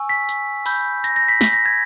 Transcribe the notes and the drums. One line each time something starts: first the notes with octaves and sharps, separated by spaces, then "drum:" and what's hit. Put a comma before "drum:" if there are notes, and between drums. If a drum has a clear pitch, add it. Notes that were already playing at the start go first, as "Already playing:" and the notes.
Already playing: G#5 C#6 E6
B6
drum: hi-hat
B5 E6 G6, drum: open hi-hat
A#6, drum: hi-hat
A#6
B6
B6, drum: snare
A#6
G#6